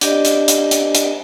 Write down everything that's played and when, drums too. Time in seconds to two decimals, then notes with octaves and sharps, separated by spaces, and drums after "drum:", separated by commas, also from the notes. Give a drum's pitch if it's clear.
0.01 D4 G4 D5 D#5, drum: hi-hat
0.25 drum: hi-hat
0.48 drum: hi-hat
0.71 drum: hi-hat
0.95 drum: hi-hat